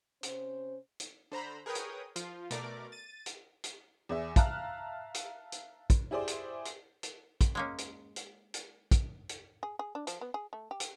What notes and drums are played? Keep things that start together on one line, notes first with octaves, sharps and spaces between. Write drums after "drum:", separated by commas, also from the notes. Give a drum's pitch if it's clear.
C3 C#4 C5, drum: hi-hat
drum: hi-hat
D3 C5 A#5 B5
G#4 A#4 B4 C#5 G5 D#6
drum: hi-hat
F3 F4, drum: hi-hat
B2 A3 A#4 D5 D6, drum: hi-hat
A6 D#7
drum: hi-hat
drum: hi-hat
E2 G#4 E5
E5 F5 A5 A#5 F6 F#6, drum: kick, hi-hat
drum: hi-hat
drum: hi-hat
drum: kick, hi-hat
E4 G4 G#4 C5 D5
drum: hi-hat
drum: hi-hat
drum: hi-hat
drum: kick, hi-hat
G#3 A#3 C#4
drum: hi-hat
drum: hi-hat
drum: hi-hat
drum: kick, hi-hat
drum: hi-hat
G#4
G#4
D4
F3, drum: hi-hat
B3
G#4
A3
G4
drum: hi-hat